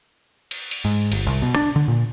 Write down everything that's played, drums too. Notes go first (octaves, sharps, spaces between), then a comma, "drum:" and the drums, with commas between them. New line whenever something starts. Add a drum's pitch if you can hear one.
drum: cymbal
drum: cymbal
G#2
G1, drum: cymbal
C2
B2
D4
D3
A#2